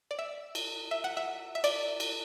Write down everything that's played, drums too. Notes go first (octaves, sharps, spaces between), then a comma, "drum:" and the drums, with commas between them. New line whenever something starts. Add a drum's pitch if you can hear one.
D5
E5
drum: cymbal
E5
F#5
E5
E5
D5, drum: cymbal
drum: cymbal